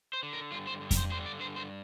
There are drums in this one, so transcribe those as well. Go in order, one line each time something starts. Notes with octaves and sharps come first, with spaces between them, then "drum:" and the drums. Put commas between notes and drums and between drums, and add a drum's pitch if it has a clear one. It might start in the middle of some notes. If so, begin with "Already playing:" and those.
C5
D3
A#4
G2 F4
C5
G2
A#4, drum: kick F2, hi-hat
C5
D3 C5
D5
G2 C5
C5